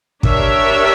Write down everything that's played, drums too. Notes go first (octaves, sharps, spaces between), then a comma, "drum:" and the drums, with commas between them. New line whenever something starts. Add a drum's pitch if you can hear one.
D4 G4 A#4 C#5 E5, drum: kick